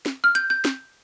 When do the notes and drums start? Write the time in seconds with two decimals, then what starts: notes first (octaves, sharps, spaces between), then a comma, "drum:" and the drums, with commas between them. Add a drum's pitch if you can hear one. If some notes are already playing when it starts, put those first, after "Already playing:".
0.06 drum: snare
0.24 F6
0.35 G6, drum: hi-hat
0.50 G6
0.65 drum: snare